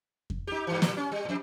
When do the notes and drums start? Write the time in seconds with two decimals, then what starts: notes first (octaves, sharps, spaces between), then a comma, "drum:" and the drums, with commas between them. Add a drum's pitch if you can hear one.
0.30 drum: kick F2
0.47 D#4 G4
0.67 G2 E3
0.82 A2, drum: snare
0.97 C#4
1.12 G3
1.25 F2 A2